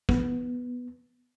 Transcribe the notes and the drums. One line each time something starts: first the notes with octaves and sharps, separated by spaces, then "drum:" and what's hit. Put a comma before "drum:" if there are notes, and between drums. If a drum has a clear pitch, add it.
B3, drum: kick